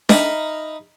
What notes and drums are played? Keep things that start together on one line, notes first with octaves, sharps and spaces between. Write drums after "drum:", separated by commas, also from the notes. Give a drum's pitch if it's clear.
D#4 A#4 D#5 E5 B5, drum: snare D4